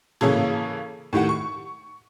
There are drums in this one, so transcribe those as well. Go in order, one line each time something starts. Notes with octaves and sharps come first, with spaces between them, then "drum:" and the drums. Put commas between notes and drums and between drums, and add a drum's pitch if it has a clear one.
C#3 E3 A#3 C#4 G#4 A4, drum: tom
A2 D#3 G4 F#5
C#6